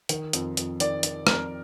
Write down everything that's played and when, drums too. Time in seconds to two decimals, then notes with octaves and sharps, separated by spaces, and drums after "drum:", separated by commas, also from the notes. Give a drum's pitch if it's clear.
0.09 D#3, drum: hi-hat
0.33 F2, drum: hi-hat
0.57 F2, drum: hi-hat
0.80 D#3 D5, drum: hi-hat
1.03 D#3, drum: hi-hat
1.27 F2 A#4, drum: rim click